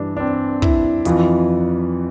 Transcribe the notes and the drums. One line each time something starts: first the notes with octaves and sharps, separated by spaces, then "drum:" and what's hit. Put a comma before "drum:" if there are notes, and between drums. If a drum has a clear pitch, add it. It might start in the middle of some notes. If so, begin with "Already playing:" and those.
Already playing: G2 E3 D4
D4
C4
E4, drum: kick
F2 E3 F4, drum: hi-hat